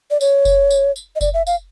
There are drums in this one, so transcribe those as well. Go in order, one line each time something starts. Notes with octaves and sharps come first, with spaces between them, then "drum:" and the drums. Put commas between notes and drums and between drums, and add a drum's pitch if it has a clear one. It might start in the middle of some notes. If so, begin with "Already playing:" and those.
D5
C#5, drum: tambourine
drum: kick F#1, tambourine
drum: tambourine
drum: tambourine
D#5
D5, drum: kick F#1, tambourine
E5
F5, drum: tambourine